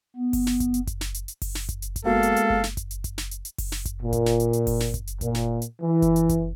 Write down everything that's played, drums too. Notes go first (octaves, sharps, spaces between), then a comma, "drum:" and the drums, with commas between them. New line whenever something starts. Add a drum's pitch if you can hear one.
B3
drum: kick F#1, open hi-hat
drum: snare
drum: kick F#1, hi-hat
drum: hi-hat
drum: kick F#1, hi-hat
drum: snare
drum: hi-hat
drum: hi-hat
drum: kick F#1, open hi-hat
drum: snare
drum: kick F#1, hi-hat
drum: hi-hat
drum: kick F#1, hi-hat
G#3 A#3 B3 F#4 A4 F5
drum: hi-hat
drum: hi-hat
drum: kick F#1
drum: snare
drum: kick F#1, hi-hat
drum: hi-hat
drum: kick F#1, hi-hat
drum: snare
drum: hi-hat
drum: hi-hat
drum: kick F#1, open hi-hat
drum: snare
drum: kick F#1, hi-hat
A#2
drum: kick F#1, hi-hat
drum: snare
drum: hi-hat
drum: hi-hat
drum: kick F#1, open hi-hat
drum: snare
drum: kick F#1, hi-hat
drum: hi-hat
A#2, drum: kick F#1, hi-hat
drum: snare
drum: hi-hat
E3
drum: kick F#1, hi-hat
drum: hi-hat
drum: kick F#1, hi-hat